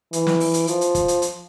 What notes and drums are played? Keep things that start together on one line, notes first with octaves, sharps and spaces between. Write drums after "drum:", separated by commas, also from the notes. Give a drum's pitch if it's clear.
E3, drum: hi-hat
drum: snare
drum: open hi-hat
drum: hi-hat
F3, drum: hi-hat
drum: hi-hat
drum: kick, hi-hat
drum: hi-hat
drum: hi-hat